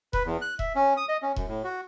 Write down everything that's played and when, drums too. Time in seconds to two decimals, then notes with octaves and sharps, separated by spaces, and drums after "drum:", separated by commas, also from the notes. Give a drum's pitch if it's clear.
0.13 B4, drum: kick E1
0.26 E2
0.41 F#6
0.59 E5, drum: kick E1
0.75 C#4
0.97 D#6
1.09 D#5
1.22 C#4
1.36 F#2, drum: kick E1
1.48 A2
1.64 F#4